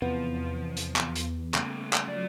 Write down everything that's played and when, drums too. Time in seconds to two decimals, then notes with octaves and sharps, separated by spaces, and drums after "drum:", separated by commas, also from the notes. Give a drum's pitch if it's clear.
0.02 E2 C3 E3 F3 B3
0.77 drum: hi-hat
0.96 drum: clap
1.16 drum: hi-hat
1.54 C#3 G3 A3 A#3, drum: clap
1.93 drum: clap
2.08 F#3 F4 D5